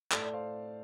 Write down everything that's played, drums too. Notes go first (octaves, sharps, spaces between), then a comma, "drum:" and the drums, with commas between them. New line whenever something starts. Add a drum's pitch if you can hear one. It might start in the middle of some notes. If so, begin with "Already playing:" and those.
A2 A3 A4 D5, drum: clap
D5
C5 F5